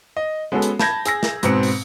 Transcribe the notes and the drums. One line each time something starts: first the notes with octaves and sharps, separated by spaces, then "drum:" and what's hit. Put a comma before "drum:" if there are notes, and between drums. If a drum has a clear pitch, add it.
D#5
G#3 B3 C#4 F#4 A4
drum: hi-hat
A5 B5 G6 G#6 A#6, drum: snare
G#4 E6 A#6, drum: hi-hat
drum: snare
G#2 B2 C4 B4 C#7, drum: hi-hat
drum: open hi-hat